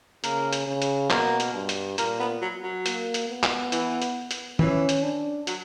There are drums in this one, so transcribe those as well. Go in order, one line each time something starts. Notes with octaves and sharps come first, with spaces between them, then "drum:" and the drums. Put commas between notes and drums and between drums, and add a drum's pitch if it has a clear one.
C#3 A#3, drum: hi-hat
drum: hi-hat
C#3
drum: hi-hat
B2 A#3, drum: clap
drum: hi-hat
G2
drum: hi-hat
A#2 A#3, drum: hi-hat
B3
F#3
F#3
A#3, drum: hi-hat
drum: hi-hat
B3
drum: clap
E3, drum: hi-hat
drum: hi-hat
drum: hi-hat
E3 C#4, drum: tom D#3
drum: hi-hat
D4
F#3, drum: hi-hat